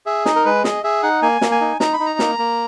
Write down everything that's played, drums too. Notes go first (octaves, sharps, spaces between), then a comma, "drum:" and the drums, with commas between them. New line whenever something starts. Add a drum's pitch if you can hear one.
G#4 E5
D#4 D#5, drum: snare
A#4
G#3 B4
G#4 D#5, drum: snare
G#4 E5
D#4 F#5
A#3 G#5
A#3, drum: snare
G#5
D#4
D#4 A#5, drum: snare
B5
D#4
A#5
A#3, drum: snare
A#3